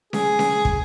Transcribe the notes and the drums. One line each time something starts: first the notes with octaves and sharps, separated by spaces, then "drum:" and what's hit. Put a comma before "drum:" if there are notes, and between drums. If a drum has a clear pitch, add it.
G#4, drum: snare C#4
drum: snare C#4
drum: kick